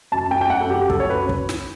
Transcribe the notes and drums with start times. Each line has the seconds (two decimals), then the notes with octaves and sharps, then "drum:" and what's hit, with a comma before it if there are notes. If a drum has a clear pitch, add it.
0.12 F#2 A5
0.31 F#2 G5
0.41 G5
0.50 F#2 F#5
0.60 A4
0.70 F#2 G4
0.90 F#3 A4, drum: kick
1.00 C#5
1.10 F#2 B4
1.29 drum: kick
1.49 drum: snare